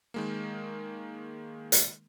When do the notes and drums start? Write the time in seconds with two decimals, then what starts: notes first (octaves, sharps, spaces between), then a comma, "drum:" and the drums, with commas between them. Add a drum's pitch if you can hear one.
0.14 D#3 G#3 A#3
1.72 drum: hi-hat